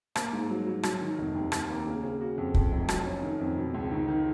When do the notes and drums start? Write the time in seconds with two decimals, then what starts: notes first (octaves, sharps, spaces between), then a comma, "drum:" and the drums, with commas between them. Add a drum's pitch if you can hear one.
0.16 A#3, drum: rim click
0.32 G#2
0.50 F#3
0.67 F#3
0.83 F#3, drum: rim click
1.01 D#3
1.18 F1
1.35 D#2
1.52 D#3, drum: rim click
1.69 A#3
1.86 C#3
2.03 C#3
2.20 F#4
2.38 F2
2.54 F2, drum: kick
2.72 F1
2.89 F#3, drum: rim click
3.06 C#4
3.23 D#3
3.40 F2
3.57 B2
3.74 C#2
3.91 D#3
4.08 D#3